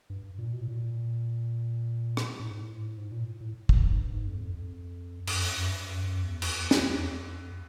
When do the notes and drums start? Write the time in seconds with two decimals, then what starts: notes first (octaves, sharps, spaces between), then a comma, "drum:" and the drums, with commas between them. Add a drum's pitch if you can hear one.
0.10 G2
0.38 A#2
0.53 B2
0.61 A2
0.68 A#2
2.17 drum: rim click
2.40 A2
2.51 G#2
2.61 A2
2.97 G#2
3.11 A#2
3.41 A2
3.69 E2, drum: kick
3.83 G2
3.91 G#2
3.98 G2
4.12 G#2
4.27 F2
4.35 E2
4.41 F2
4.55 F2
5.27 F#2, drum: cymbal
5.42 F2, drum: open hi-hat
5.56 F#2
5.70 G2
5.85 F#2
6.04 F#2
6.23 E2
6.42 F2, drum: cymbal
6.56 E2
6.71 E2, drum: snare
6.85 E2
6.99 F2